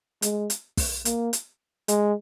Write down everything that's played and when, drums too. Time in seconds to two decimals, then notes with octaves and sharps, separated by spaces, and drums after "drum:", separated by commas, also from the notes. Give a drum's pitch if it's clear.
0.22 G#3, drum: hi-hat
0.50 drum: hi-hat
0.77 drum: kick, open hi-hat
1.05 A#3, drum: hi-hat
1.33 drum: hi-hat
1.88 G#3, drum: hi-hat